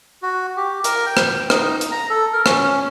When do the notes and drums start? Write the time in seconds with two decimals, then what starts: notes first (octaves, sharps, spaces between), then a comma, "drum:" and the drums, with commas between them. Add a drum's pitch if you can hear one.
0.22 F#4
0.57 G4
0.84 A#4, drum: hi-hat
1.06 G5
1.17 drum: rim click
1.50 D#4, drum: rim click
1.81 drum: hi-hat
1.92 A#5
2.10 A4
2.33 A#4
2.46 C#4, drum: rim click